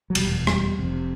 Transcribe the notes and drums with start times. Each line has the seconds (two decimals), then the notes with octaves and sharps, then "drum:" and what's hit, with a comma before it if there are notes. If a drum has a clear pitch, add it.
0.10 F#3
0.15 F1 E2 B2 G3, drum: cymbal
0.47 G3, drum: rim click
0.79 F1 F2 C3